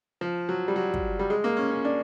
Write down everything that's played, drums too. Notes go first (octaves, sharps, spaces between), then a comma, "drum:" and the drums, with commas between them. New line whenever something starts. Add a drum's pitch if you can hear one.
F3
F#3
G3
F#3
drum: kick
G3
G#3
A#3
C#4
C#4
D4